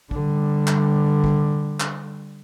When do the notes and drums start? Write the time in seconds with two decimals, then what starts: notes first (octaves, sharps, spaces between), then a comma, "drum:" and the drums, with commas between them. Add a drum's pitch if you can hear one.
0.11 D3 G3, drum: kick
0.67 drum: clap
1.24 drum: kick
1.80 drum: clap